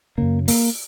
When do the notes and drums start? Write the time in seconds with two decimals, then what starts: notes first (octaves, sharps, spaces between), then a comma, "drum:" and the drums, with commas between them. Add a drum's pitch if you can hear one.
0.18 F#2 C#3 A#3
0.48 A#3, drum: open hi-hat